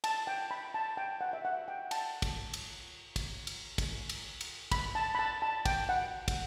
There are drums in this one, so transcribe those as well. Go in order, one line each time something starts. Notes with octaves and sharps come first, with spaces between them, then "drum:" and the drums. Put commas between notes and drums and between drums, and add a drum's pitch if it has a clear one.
A5, drum: cymbal
G5
B5
A5
G5
F#5
E5
F#5
G5
A5, drum: cymbal
drum: kick, cymbal
drum: cymbal
drum: kick, cymbal
drum: cymbal
drum: kick, cymbal
drum: cymbal
drum: cymbal
B5, drum: kick, cymbal
A5
B5
A5
A5
G5, drum: kick, cymbal
F#5
drum: kick, cymbal